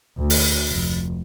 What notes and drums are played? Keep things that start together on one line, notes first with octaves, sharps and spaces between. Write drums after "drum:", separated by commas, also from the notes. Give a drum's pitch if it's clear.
D2
drum: open hi-hat
F1